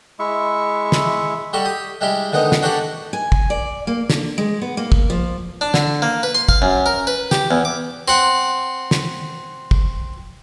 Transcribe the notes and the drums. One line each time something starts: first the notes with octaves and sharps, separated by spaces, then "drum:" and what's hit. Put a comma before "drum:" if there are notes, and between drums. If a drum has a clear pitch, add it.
G#3 E4 E5 C#6
drum: snare
G3 F#4 G4 A4
G4 D#6
G3 G#3 E4 G4
D3 D#3 G#3 B3 D#4
drum: snare
D4 F#4 G4 A4 D5 F#5
G#5
drum: kick
D5
A#3
D3, drum: snare
G#3
B3
A#3
drum: kick
F3
D4
D3, drum: snare
A#3
B4
C6
F5, drum: kick
F#2
A#4
B4
G4, drum: snare
E2
D6
C4 F#5
drum: snare
drum: kick